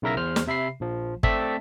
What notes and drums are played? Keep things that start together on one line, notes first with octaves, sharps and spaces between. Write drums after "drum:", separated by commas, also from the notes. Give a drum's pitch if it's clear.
B1 C#3 E4 A#4 E5 A#6
E2 C5 F6
drum: snare
C3 E5 B5 C7
A#1 F3
A3 C4 D5 E5 A5 B6, drum: kick